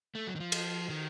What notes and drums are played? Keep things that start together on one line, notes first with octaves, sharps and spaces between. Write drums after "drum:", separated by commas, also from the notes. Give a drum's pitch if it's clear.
A3
F#3
D#3
F3
drum: cymbal
D#3